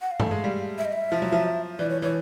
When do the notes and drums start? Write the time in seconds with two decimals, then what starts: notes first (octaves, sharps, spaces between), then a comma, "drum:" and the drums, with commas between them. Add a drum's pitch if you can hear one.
0.01 F#5
0.11 F5
0.20 A3, drum: tom G2
0.31 G#3
0.44 G3
0.78 E5
0.85 D#5
0.93 E5
1.12 F3
1.22 F#3
1.32 F3
1.79 E3 D5
1.90 C#5
2.02 E3 C#5